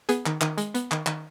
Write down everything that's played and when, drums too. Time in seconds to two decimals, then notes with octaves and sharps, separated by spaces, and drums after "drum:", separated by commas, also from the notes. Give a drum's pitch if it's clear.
0.09 B3 G#4, drum: hi-hat
0.26 D#3, drum: clap
0.41 D#3, drum: clap
0.58 G#3, drum: hi-hat
0.74 B3, drum: hi-hat
0.91 D#3, drum: clap
1.07 D#3, drum: clap